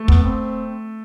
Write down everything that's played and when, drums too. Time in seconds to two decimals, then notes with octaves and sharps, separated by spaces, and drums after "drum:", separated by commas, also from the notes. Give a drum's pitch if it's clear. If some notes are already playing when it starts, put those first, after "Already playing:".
Already playing: A3
0.08 B3, drum: kick
0.23 C4